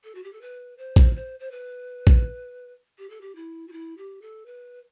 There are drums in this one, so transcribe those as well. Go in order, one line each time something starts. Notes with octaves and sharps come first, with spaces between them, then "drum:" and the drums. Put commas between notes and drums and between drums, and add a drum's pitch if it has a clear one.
A4
F#4
G4
A4
B4
C5
drum: kick A#1
C5
C5
B4
drum: kick A#1
G4
A4
G4
E4
F#4
E4
G4
A4
B4